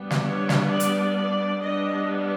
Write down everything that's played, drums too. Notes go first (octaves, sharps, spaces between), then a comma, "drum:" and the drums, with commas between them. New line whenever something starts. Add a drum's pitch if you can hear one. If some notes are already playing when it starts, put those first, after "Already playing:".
Already playing: G3 B3 D4
drum: snare
C#5
drum: snare
D5
drum: hi-hat
D5
G3 B3 D4 D#5